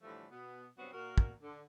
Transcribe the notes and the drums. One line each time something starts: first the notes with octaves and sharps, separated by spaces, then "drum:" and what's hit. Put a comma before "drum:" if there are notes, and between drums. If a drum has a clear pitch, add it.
A2 D3 E3 F3 G3 A3
B2 B3
G2 C3 F#3 B3 C4 F#4
A#2 F#4 A#4
drum: kick
D3